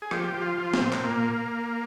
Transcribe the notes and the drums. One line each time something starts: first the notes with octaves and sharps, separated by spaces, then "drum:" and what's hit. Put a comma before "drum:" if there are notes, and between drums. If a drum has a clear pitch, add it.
G#4
F3 G4, drum: rim click
F3
F4
F3
C4, drum: snare
A#2
drum: clap
A#2 A#3